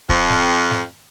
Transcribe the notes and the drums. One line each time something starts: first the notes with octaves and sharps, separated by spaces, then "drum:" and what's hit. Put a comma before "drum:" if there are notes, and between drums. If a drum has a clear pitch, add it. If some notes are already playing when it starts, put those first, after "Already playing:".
F2, drum: kick C#1
drum: snare
drum: snare